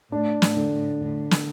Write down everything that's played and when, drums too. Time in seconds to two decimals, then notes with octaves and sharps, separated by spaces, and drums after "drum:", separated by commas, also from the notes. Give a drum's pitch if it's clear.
0.12 A2 A3 D4
0.42 A2 A3, drum: snare
0.56 D3
0.71 A2 A3
1.01 A2 D3 A3
1.31 drum: snare